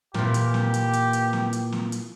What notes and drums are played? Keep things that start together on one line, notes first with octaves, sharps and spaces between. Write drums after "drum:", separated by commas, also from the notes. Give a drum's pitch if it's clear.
A#2 E3 G4, drum: snare
drum: hi-hat
drum: snare
drum: hi-hat
drum: hi-hat
drum: hi-hat
drum: snare
drum: hi-hat
drum: snare
drum: hi-hat